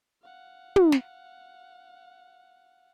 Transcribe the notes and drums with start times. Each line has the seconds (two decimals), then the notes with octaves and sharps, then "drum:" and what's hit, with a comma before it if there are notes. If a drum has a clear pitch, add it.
0.21 F5 F#5
0.76 drum: tom
0.92 drum: snare